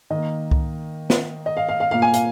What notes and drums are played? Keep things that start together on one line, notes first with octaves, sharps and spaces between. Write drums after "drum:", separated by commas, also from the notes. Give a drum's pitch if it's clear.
D#3 A#3 D#5
drum: kick C2
drum: snare
D#5
F5
F5
F5
A#2 A#3 F5
G#5
F5, drum: hi-hat